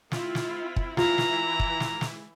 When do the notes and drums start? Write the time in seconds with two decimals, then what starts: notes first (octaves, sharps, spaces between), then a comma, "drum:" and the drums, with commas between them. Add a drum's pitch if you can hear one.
0.12 C4 E4 F4, drum: snare
0.35 drum: snare
0.76 drum: kick
0.97 E3 E4 F4 A#5, drum: snare
1.18 drum: snare
1.60 drum: kick
1.80 drum: snare
2.01 drum: snare